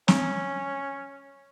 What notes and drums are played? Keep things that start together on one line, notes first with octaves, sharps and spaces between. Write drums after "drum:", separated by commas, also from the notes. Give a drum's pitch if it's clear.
C#4, drum: snare